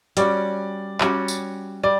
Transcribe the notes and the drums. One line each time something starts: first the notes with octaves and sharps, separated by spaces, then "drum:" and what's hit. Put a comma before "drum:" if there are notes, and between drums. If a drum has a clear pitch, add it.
G3 C#4 F#4 D5, drum: hi-hat
G3 C#4 F#4, drum: clap
drum: tambourine
G3 D5